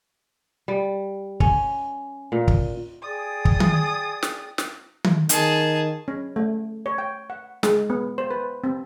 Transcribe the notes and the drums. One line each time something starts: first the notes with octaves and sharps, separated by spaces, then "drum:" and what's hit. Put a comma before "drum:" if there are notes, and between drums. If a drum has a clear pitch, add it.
G3
C#4, drum: kick
A#2
drum: kick
G#4 D5 G5 D#6
drum: kick
drum: tom D#3
drum: snare
drum: snare
drum: tom D#3
D#3 G#4 A5, drum: hi-hat
C#4
A3
C#5
G5
F#5
G#3, drum: snare
B3
C5
B4
C4